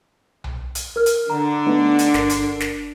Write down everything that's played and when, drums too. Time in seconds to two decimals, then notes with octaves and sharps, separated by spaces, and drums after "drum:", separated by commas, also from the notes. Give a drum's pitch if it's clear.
0.44 drum: tom B1
0.75 drum: hi-hat
0.96 A#4 F6
1.06 drum: hi-hat
1.30 D3 D4 A#5
1.67 A3 B3 D#4
1.99 drum: hi-hat
2.14 G1 A#4 C7, drum: snare
2.30 drum: hi-hat
2.60 drum: snare